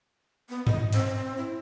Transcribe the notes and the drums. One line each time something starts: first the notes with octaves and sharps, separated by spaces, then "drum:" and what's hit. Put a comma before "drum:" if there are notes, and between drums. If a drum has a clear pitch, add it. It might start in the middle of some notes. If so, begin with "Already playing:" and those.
B3
D#5, drum: tom G2
C4, drum: hi-hat
E4